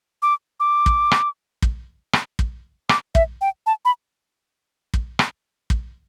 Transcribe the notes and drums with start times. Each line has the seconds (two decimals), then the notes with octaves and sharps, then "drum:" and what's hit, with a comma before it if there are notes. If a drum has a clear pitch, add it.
0.22 D6
0.60 D6
0.86 drum: kick
1.11 drum: rim click
1.62 drum: kick
2.13 drum: rim click
2.39 drum: kick
2.89 D6, drum: rim click
3.15 E5, drum: kick
3.41 G5
3.66 A5
3.85 B5
4.94 drum: kick
5.19 drum: rim click
5.70 drum: kick